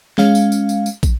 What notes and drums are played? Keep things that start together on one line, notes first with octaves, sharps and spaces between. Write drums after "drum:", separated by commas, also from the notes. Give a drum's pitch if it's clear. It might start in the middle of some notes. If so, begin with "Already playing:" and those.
G#3 C#4 F5, drum: snare
drum: tambourine
drum: tambourine
drum: tambourine
drum: tambourine
drum: kick, tambourine